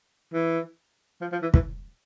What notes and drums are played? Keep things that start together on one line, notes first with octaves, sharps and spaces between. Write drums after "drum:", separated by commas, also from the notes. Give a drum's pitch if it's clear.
E3
F3
F3
E3
E3, drum: kick